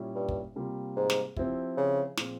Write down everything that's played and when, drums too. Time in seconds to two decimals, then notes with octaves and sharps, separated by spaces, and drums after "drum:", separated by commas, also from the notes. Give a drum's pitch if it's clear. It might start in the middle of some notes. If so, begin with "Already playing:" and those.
Already playing: A#2 G3 C#4 E4
0.15 G2
0.29 drum: kick
0.56 C3 G3 A#3 F4
0.96 G#2
1.10 drum: snare
1.36 F3 C4 E4 G4, drum: kick
1.77 C#3
2.17 A#2 F3 C4 F4 G#4, drum: snare